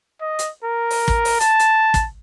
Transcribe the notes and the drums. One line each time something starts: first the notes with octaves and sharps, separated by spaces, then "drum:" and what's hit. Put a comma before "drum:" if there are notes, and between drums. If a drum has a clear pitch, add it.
D#5
drum: hi-hat
A#4
drum: open hi-hat
drum: kick
drum: open hi-hat
A5, drum: hi-hat
drum: hi-hat
drum: kick, hi-hat